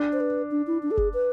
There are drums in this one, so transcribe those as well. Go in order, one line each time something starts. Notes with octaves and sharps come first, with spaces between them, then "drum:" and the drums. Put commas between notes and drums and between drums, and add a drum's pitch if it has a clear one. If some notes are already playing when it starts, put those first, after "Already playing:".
Already playing: D4
C5
B4
D4
E4
D4
A4
G#4, drum: kick F#1
B4